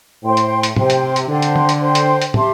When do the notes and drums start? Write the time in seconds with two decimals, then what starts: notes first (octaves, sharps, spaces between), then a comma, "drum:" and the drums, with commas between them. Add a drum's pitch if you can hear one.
0.23 A2 C5 G5 C6
0.37 drum: hi-hat
0.63 drum: hi-hat
0.76 C3 C5 G5 C6, drum: tom
0.90 drum: hi-hat
1.16 drum: hi-hat
1.29 D3 C5 G5 C6
1.42 drum: hi-hat
1.56 drum: tom
1.69 drum: hi-hat
1.81 C5 G5 C6
1.95 drum: hi-hat
2.22 drum: hi-hat
2.34 G4 E5 A5 C6, drum: tom